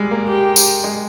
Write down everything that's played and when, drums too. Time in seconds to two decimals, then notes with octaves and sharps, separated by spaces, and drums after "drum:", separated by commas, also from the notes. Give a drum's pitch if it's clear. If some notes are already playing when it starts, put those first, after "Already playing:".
Already playing: G3 G#3
0.11 A#3
0.29 G4
0.56 drum: tambourine
0.84 G#3